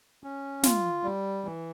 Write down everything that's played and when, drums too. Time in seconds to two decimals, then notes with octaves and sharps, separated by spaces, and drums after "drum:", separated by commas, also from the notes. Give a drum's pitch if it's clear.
0.24 C#4
0.63 F4, drum: snare
1.04 G3
1.45 E3